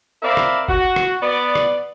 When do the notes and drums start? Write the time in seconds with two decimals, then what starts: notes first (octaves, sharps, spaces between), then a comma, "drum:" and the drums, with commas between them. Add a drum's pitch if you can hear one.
0.22 C4 A#4 D5 E5 F5 B5
0.37 drum: rim click
0.68 F#4, drum: kick F#1
0.96 drum: rim click
1.22 B3 D5
1.55 drum: rim click